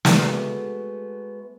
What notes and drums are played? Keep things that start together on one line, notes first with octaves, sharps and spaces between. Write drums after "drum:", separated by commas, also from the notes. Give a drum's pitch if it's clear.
G#3 A3 B3 F#4, drum: snare